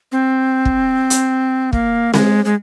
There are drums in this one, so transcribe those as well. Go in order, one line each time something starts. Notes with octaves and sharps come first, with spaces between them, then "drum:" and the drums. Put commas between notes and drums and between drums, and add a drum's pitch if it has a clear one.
C4
drum: kick
drum: hi-hat
A#3, drum: kick
G#3, drum: snare C4
G#3